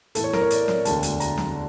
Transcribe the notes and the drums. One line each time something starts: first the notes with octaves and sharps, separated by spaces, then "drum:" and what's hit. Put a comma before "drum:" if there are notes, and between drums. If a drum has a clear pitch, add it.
A2 E3 A3 E4 A4, drum: hi-hat
C#5
A#4, drum: snare
C#5
D5, drum: hi-hat
drum: snare
E1 D2 D3 A3 A5, drum: hi-hat
drum: hi-hat
A#5, drum: hi-hat
drum: snare